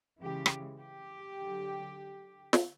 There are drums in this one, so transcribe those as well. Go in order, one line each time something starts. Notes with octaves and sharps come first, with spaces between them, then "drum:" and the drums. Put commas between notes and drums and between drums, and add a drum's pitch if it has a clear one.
C#3 E3 G#3 G4
drum: rim click
G4
D3 F#3
drum: snare